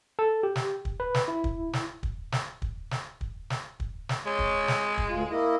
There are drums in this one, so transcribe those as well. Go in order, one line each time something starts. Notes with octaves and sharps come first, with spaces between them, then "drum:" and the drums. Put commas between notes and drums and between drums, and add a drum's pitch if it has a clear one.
A4
G4
drum: snare
drum: kick
B4
drum: snare
E4
drum: kick
drum: snare
drum: kick
drum: snare
drum: kick
drum: snare
drum: kick
drum: snare
drum: kick
drum: snare
G#3 C#5
drum: kick
drum: snare
drum: kick
D2 F4
A#3 E4 D#5